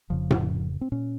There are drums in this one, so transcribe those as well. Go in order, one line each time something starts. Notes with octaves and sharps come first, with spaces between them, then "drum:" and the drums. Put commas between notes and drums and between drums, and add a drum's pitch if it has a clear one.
F1 F2 C#3 F3
drum: tom A2
C4
A#2 C#4